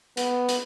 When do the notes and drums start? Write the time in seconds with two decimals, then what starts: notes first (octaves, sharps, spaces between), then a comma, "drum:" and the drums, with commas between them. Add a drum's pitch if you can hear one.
0.17 B3, drum: hi-hat
0.49 drum: hi-hat